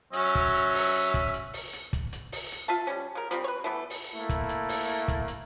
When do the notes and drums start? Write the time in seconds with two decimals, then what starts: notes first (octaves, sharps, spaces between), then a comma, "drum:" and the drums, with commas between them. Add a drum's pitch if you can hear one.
0.13 F#3 C#4 E5, drum: hi-hat
0.35 drum: kick
0.55 drum: hi-hat
0.75 drum: open hi-hat
0.94 drum: hi-hat
1.14 drum: kick, hi-hat
1.34 drum: hi-hat
1.53 drum: open hi-hat
1.73 drum: hi-hat
1.93 drum: kick, hi-hat
2.13 drum: hi-hat
2.32 drum: open hi-hat
2.52 drum: hi-hat
2.68 F4 E5 F5 A5
2.87 G3 C#4
3.15 C#3 A#4
3.31 F3 G3 C4, drum: hi-hat
3.44 B4 C#5
3.64 E3 A3 B3
3.90 drum: open hi-hat
4.14 A3 A#3 E4
4.29 drum: kick, hi-hat
4.49 drum: hi-hat
4.69 drum: open hi-hat
4.88 drum: hi-hat
5.08 drum: kick, hi-hat
5.28 drum: hi-hat